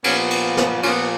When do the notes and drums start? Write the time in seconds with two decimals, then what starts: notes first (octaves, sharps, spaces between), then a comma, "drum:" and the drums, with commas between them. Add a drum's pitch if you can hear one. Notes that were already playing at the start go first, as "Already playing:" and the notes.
0.04 A#2 F3 B3 C#4, drum: cymbal
0.30 drum: cymbal
0.57 drum: snare
0.83 A#2 F3 B3 C#4 F4, drum: cymbal